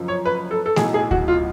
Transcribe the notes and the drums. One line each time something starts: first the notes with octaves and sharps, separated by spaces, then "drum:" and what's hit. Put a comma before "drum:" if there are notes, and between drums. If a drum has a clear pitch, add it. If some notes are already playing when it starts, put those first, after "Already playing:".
Already playing: F#1 F#2 F3
C#5
B4
A4
A4
B1 A2 F#3 G#4, drum: snare A3
G#4
F#4, drum: kick D2
F4